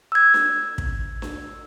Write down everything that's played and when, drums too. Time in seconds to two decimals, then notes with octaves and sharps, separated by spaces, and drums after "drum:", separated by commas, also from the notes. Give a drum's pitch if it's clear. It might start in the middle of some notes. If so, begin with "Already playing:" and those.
0.12 E6 G#6
0.34 drum: snare D4
0.78 drum: kick
1.22 drum: snare D4